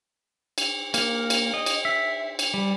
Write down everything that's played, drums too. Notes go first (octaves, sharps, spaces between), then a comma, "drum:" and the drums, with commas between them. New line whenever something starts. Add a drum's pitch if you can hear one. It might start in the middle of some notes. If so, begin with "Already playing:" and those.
drum: cymbal
A#3, drum: cymbal
drum: cymbal
D#5
drum: cymbal
E5
drum: cymbal
G3